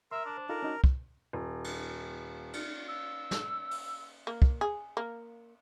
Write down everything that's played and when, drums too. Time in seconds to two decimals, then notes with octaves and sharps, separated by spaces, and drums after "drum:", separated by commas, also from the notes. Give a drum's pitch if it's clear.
0.11 A#4 E5 C6 E6
0.25 D4
0.37 C5
0.49 D#4 F4 A4 A#4
0.62 C#4 D#4 F#4
0.84 drum: kick
1.33 D#1
1.64 drum: cymbal
2.53 drum: cymbal
2.88 E6
3.31 drum: snare
3.71 drum: open hi-hat
4.27 A#3
4.42 drum: kick
4.61 G#4
4.97 A#3